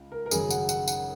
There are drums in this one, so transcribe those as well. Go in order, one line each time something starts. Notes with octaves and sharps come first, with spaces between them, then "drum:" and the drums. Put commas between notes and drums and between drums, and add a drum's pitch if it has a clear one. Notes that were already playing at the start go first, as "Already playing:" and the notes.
Already playing: C#2
A#4
A#4
G#1 F#2 C#3 G#4, drum: tambourine
F#5, drum: tambourine
F#5, drum: tambourine
F#5, drum: tambourine